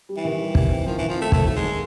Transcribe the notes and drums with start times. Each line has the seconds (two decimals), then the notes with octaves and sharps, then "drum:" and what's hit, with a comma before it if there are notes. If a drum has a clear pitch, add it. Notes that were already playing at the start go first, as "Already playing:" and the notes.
0.09 G3
0.17 E3
0.24 D#3
0.39 G3
0.55 D#3, drum: kick
0.70 C4
0.86 D#3 F3
0.98 D#3 E3
1.09 F3
1.17 A3 C4
1.32 D#3 A3, drum: kick
1.46 D#2 A3
1.56 G#3
1.64 D#3